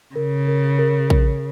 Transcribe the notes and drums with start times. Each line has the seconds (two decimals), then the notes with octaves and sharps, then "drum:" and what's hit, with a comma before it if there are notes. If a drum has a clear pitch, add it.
0.15 C#3 A#4
0.48 A#4
0.79 A#4
1.10 A#4, drum: kick A#1